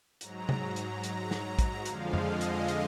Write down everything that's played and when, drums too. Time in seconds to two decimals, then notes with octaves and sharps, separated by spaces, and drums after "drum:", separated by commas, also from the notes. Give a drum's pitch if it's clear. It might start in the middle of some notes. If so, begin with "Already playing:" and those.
0.21 G#2 F#3 A#5, drum: hi-hat
0.49 drum: tom
0.62 A#5
0.76 drum: hi-hat
1.03 A#5, drum: hi-hat
1.31 drum: snare
1.59 drum: kick, hi-hat
1.85 F2 D3 F3 G#3 F5, drum: hi-hat
2.13 drum: tom F2
2.28 D#5
2.41 drum: hi-hat
2.68 drum: hi-hat